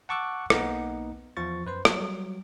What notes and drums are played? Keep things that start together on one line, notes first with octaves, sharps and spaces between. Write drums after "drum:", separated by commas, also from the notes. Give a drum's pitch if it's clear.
F#5 A5 C#6 D6 E6 F#6
B1 A#3 B3 D#4 F#5, drum: rim click
E2 F3 F4 C#6 A6
F#2 B4 C5 C6
F#3 G3, drum: rim click